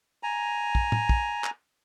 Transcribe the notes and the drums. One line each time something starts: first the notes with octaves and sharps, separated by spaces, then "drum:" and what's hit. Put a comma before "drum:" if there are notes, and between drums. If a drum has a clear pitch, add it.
G#5 A#5
drum: kick
drum: tom
drum: kick
drum: clap